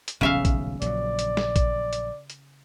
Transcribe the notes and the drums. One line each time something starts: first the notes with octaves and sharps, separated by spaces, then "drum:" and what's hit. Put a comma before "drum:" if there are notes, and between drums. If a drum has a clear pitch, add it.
drum: hi-hat
D#1 B1 C#3 E5 F5
drum: kick A1, hi-hat
A#1 F#3 D5, drum: hi-hat
drum: hi-hat
drum: snare
drum: kick A1, hi-hat
drum: hi-hat
drum: hi-hat